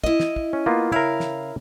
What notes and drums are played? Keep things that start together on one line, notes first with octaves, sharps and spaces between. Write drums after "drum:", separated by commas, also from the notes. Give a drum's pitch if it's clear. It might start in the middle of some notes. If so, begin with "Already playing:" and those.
E4 D#5, drum: kick
drum: snare
drum: kick
C#4
A#3 B3 F4
C#3 E4 A#4 F5
drum: snare